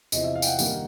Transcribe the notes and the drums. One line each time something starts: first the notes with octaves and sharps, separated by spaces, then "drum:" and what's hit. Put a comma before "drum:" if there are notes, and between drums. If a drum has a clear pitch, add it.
E2 C3 F3 D#5, drum: tambourine
E5
F5
G5, drum: tambourine
F#5
G2 D#3 G3 A#3, drum: tambourine